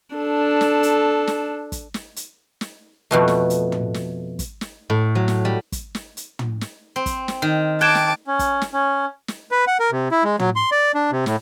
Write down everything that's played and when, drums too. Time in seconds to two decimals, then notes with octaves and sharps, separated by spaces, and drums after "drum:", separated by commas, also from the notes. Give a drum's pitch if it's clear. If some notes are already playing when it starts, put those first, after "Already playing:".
0.15 D4 A4
0.61 drum: snare
0.83 drum: hi-hat
1.27 drum: snare
1.72 drum: kick, hi-hat
1.94 drum: snare
2.16 drum: hi-hat
2.61 drum: snare
3.11 F2 B2 A3
3.28 drum: snare
3.50 drum: hi-hat
3.72 drum: tom
3.94 drum: snare
4.39 drum: kick, hi-hat
4.61 drum: snare
4.90 A2
5.15 F#3
5.28 drum: snare
5.45 G3
5.72 drum: kick, hi-hat
5.95 drum: snare
6.17 drum: hi-hat
6.39 drum: tom
6.61 drum: snare
6.96 C4
7.06 drum: kick, hi-hat
7.28 drum: snare
7.42 D#3
7.81 G5 A5 D6 F#6 G#6 E7
7.95 drum: snare
8.27 C#4
8.39 drum: kick, hi-hat
8.61 drum: snare
8.73 C#4
9.28 drum: snare
9.51 B4
9.67 F#5
9.80 A#4
9.91 C3
10.11 E4
10.24 G#3
10.39 F#3, drum: tom
10.56 C6
10.72 D5
10.95 D4
11.11 C3
11.26 A2, drum: snare